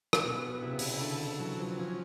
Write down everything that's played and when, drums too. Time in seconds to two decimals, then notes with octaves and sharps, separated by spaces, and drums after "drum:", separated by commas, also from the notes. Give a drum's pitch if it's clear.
0.13 drum: rim click
0.23 B2 B3
0.62 C3 E4
0.70 C#3
0.79 C3, drum: open hi-hat
0.91 C#3
1.01 D3 A4
1.20 D#3
1.39 E3 F#3
1.59 F3
1.79 F3 C#4